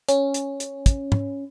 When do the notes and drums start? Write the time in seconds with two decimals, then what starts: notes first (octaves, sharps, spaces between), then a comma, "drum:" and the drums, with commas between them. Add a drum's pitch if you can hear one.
0.09 C#4, drum: hi-hat
0.34 drum: hi-hat
0.60 drum: hi-hat
0.86 drum: kick, hi-hat
1.12 drum: tom